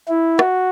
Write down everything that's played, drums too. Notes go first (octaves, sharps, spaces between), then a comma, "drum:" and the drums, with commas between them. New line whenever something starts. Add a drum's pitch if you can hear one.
E4
F#4, drum: rim click